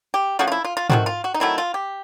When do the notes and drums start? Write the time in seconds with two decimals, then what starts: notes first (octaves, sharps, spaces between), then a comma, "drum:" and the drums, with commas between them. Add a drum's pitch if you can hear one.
0.14 G4
0.39 F3 A3 C#4 F#4
0.47 F4
0.52 E4
0.65 F4
0.77 F4
0.90 D#3 F#3 A3 C4 F#4, drum: tom G#2
1.06 F4
1.24 F#4
1.34 D#4
1.40 D#3 F#3 A3 C4 E4
1.58 F4
1.74 G4